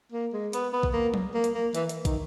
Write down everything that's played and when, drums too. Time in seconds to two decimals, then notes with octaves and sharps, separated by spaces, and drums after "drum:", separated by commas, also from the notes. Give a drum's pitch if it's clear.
0.12 A#3
0.33 G#3
0.53 B3, drum: hi-hat
0.73 B3
0.83 drum: kick
0.93 A#3
1.14 drum: tom F#3
1.34 A#3
1.44 drum: hi-hat
1.54 A#3
1.75 E3, drum: hi-hat
1.89 drum: hi-hat
2.05 D#3, drum: kick, hi-hat